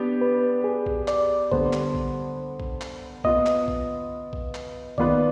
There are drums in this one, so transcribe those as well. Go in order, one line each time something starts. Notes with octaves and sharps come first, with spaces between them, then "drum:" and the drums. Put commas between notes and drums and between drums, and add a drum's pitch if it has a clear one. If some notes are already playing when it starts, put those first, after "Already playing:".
Already playing: B3 D4 G4
B4
G#4
drum: kick A#1
D5, drum: clap
D3 G3 B3 C5, drum: kick A#1
drum: clap
drum: kick A#1
drum: kick A#1
drum: clap
B3 F4 B4 D#5, drum: kick A#1
drum: clap
drum: kick A#1
drum: kick A#1
drum: clap
D#3 B3 F4 B4 D5, drum: kick A#1